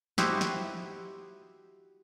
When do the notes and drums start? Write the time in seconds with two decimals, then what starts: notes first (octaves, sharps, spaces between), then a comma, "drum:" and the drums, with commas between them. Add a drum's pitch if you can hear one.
0.18 E4 F#4 G4 C5 D#5 E5, drum: snare
0.41 drum: snare